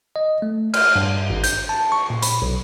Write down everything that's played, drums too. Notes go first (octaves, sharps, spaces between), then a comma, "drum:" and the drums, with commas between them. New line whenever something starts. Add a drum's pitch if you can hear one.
D#5
A3
F6, drum: cymbal
G2
G#1
G6, drum: hi-hat
A5
C#6
A#2
B5, drum: hi-hat
B1